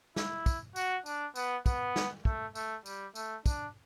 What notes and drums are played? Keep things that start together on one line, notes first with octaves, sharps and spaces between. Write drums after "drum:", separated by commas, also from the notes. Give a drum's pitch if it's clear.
E4, drum: snare
drum: kick, tambourine
F#4, drum: tambourine
D4, drum: tambourine
B3, drum: tambourine
B3, drum: kick, tambourine
drum: snare
A3, drum: kick
A3, drum: tambourine
G3, drum: tambourine
A3, drum: tambourine
D4, drum: kick, tambourine